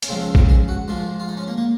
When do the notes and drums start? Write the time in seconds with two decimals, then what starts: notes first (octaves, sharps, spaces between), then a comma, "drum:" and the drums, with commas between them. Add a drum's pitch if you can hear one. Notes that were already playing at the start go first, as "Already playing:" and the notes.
0.03 C#4, drum: hi-hat
0.08 C#2 C#3 F3 G#3 C4
0.22 C4
0.35 C4, drum: kick
0.48 G#4
0.68 F#4
0.88 G#2 F3 G#3 F4
1.20 F4
1.28 D#4
1.37 C#4
1.47 A#3
1.58 A#3